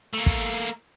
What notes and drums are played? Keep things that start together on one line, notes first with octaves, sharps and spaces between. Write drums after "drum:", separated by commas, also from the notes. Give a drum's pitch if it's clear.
A3 A#3
drum: kick